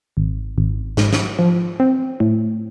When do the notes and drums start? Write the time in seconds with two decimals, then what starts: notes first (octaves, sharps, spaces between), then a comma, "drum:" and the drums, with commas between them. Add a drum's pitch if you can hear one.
0.17 G#1
0.58 G#1
0.97 G#2, drum: snare
1.13 drum: snare
1.39 F3
1.80 C4
2.20 A2